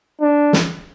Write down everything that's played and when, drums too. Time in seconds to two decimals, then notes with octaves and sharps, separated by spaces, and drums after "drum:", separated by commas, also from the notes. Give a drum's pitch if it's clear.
0.21 D4
0.53 drum: snare